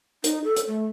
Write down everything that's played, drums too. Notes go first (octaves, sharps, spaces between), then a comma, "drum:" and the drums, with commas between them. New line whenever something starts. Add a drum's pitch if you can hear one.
D#4, drum: hi-hat
A4
drum: hi-hat
A3